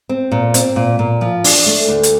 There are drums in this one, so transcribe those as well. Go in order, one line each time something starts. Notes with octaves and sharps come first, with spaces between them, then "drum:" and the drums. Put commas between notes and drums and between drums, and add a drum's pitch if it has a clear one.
C4
A#2
C4, drum: hi-hat
A#2
A#2
F3
D4, drum: open hi-hat
A3
D2
drum: hi-hat